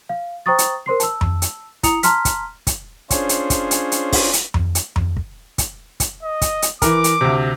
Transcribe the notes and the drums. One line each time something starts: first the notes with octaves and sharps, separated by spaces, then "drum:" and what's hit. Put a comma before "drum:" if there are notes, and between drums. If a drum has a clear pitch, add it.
F5
C5 G5 A#5 C#6 D#6 A6
drum: hi-hat
A#4 C5 C6 C7
A5 E6, drum: hi-hat
drum: tom F2
drum: hi-hat
E4 A#5 D#6 C#7 F7, drum: kick, hi-hat
A5 A#5 C6 F6 B6, drum: hi-hat
drum: kick, hi-hat
drum: kick, hi-hat
C#4 D4 F4 G#4 C5 C#5, drum: kick, hi-hat
drum: hi-hat
drum: kick, hi-hat
drum: hi-hat
drum: hi-hat
drum: kick, open hi-hat
drum: hi-hat
drum: tom F2
drum: hi-hat
drum: tom F2
drum: kick
drum: kick, hi-hat
drum: kick, hi-hat
D#5
drum: kick, hi-hat
drum: hi-hat
E3 A#4 D6, drum: kick, hi-hat
drum: hi-hat
D2 C3